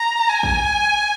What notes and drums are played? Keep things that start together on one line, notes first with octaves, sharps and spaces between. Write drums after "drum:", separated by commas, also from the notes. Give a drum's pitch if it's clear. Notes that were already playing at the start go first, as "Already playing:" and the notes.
Already playing: A#5
G#5
drum: kick